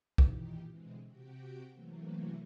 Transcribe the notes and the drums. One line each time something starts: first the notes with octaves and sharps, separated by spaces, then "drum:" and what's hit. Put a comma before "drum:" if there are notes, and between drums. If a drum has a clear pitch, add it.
A#2 D#3 E3 G4, drum: kick B1
B2 D3 E3 G#3 C4
C3 F#4 G4 G5
C3 E3 F#3 A3 A#3